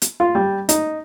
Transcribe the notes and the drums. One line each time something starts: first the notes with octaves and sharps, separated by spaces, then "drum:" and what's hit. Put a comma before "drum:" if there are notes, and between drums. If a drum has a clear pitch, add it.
drum: hi-hat
F4
G3
D#4, drum: hi-hat